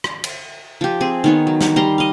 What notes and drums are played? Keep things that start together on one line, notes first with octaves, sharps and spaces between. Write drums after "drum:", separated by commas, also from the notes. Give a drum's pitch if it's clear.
drum: rim click
drum: cymbal
F3 G4
C4 G#4
D#3 B3 C#5
F#3
drum: snare
G3 A#5 C6
D#5 F5